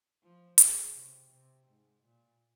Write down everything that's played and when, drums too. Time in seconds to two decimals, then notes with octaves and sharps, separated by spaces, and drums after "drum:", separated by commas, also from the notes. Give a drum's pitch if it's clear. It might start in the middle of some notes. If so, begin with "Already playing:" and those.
0.23 F3
0.58 C#3, drum: hi-hat
0.94 C3
1.30 C3
1.67 G#2
2.03 A#2